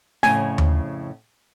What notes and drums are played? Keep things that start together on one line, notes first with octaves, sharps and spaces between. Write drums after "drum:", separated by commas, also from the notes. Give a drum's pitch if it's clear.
F2 A2 C#3 G#5, drum: snare
drum: tom D#2